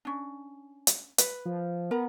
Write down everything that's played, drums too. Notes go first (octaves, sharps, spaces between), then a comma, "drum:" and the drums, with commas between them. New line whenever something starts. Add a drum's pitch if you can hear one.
C#4 D4
drum: hi-hat
B4, drum: hi-hat
F3
B3 A#4 A#5